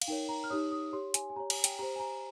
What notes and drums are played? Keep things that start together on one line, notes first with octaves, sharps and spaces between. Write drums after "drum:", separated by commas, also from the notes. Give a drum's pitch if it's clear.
F5, drum: cymbal
D#4 A#4 C#5 G5
A#5
F6
D#4 G4 C#5 D#6
D#6
G4 C#5 C6
G#5, drum: hi-hat
G#5
G4 C#5 A#5
G#5, drum: cymbal
G5, drum: hi-hat
G4 C5 A#5
G#5
A#5